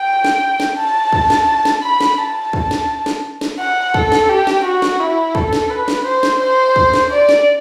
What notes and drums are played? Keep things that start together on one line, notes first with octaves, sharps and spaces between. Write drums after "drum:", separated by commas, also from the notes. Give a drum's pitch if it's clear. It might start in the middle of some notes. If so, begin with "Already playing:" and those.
Already playing: G5
drum: snare
drum: snare
A5
drum: kick
drum: snare
drum: snare
B5
drum: snare
A5
drum: kick
drum: snare
drum: snare
drum: snare
F#5
A4, drum: kick
drum: snare
G4
drum: snare
F#4
drum: snare
E4
A4, drum: kick
drum: snare
B4
drum: snare
C5
drum: snare
C5
drum: kick
drum: snare
D5
drum: snare